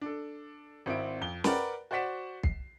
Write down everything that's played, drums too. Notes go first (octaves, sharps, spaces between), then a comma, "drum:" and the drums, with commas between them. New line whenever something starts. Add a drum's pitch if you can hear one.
D4 A4
G#1 C4 E4 D7
F2 G7
A#4 B4 D5 F#5 G5 B5, drum: snare
F#4 C5 D5 F#5 B6 E7
C7, drum: kick